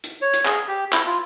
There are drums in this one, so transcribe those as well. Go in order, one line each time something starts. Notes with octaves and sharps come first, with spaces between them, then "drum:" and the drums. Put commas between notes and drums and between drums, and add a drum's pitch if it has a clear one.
drum: hi-hat
C#5
drum: hi-hat
G#4, drum: clap
G4
E4, drum: clap
F4